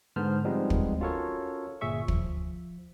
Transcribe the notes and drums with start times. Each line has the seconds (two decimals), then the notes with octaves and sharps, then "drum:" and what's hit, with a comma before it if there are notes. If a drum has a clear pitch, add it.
0.16 G#2 D3 B3 C5 A5 F6
0.44 F3 G3 G#3 B3 C4 D#4
0.70 drum: kick
1.00 C#4 F4 F#4 A4 A#4 C#5
1.81 G1 A#2 G#4 E5 C#6
2.08 F3, drum: kick